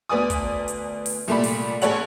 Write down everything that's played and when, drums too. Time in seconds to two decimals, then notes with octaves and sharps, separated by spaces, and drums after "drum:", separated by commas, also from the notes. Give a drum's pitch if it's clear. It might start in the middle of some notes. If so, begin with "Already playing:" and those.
0.09 D2 B3 B4 D5 G#5 D#6
0.30 drum: kick, hi-hat
0.68 drum: hi-hat
1.06 drum: open hi-hat
1.28 C2 A#2 A3 D5 B5
1.44 drum: open hi-hat
1.81 A1 G#4 A4 C#5 F#5 F#7, drum: hi-hat